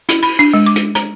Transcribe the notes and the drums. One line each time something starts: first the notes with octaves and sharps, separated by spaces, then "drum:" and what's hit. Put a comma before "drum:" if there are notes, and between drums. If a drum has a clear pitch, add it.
E4, drum: hi-hat
B5, drum: open hi-hat
D4
G#3
D6
drum: hi-hat
A#5, drum: hi-hat